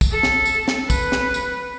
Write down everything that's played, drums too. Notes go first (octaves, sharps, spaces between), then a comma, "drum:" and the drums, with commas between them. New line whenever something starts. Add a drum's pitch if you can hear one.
drum: kick, tambourine
A4
drum: snare
drum: tambourine
drum: snare
B4, drum: kick, tambourine
drum: snare
drum: tambourine